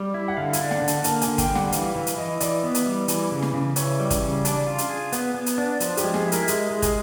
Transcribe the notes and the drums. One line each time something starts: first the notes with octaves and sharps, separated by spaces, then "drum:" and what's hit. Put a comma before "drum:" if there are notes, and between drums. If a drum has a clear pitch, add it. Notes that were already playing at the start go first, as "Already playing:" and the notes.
Already playing: G3
E4
F#5
D3 F5
F5, drum: hi-hat
D4
F#5, drum: snare
D3
A5, drum: hi-hat
A#3 A5, drum: hi-hat
G#5, drum: hi-hat
D3
G5, drum: kick, hi-hat
G3
F#5, drum: snare
E3 F5, drum: hi-hat
E3 F5
drum: hi-hat
E3 D#5
E3 D5, drum: hi-hat
B3
drum: hi-hat
G3
E3, drum: hi-hat
C#3
drum: snare
C#3
E3 C#5, drum: hi-hat
G3
drum: kick, hi-hat
C#3
D4 D5, drum: hi-hat
F4
drum: hi-hat
G#4
B3, drum: hi-hat
B3
drum: hi-hat
D4
F3, drum: hi-hat
G4, drum: hi-hat
G#3
G#4, drum: snare
E4
A#4, drum: hi-hat
G#3 G#4, drum: hi-hat
G#3
G#4, drum: kick, hi-hat